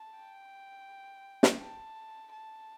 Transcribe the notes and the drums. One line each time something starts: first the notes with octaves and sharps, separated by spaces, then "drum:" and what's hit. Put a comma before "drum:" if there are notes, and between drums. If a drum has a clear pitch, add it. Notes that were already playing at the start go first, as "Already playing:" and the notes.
Already playing: A5
G5
drum: snare
A5
A5